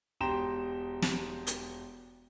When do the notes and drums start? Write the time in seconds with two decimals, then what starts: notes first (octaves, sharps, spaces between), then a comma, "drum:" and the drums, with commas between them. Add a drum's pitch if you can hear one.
0.21 E1 G4 G5 A#5 C6 E7
1.02 drum: snare
1.47 drum: hi-hat